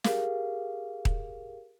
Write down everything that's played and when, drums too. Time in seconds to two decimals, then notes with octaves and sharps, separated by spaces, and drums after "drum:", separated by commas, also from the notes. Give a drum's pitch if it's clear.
0.04 G4 G#4 A#4 F5, drum: snare
1.05 drum: kick D#1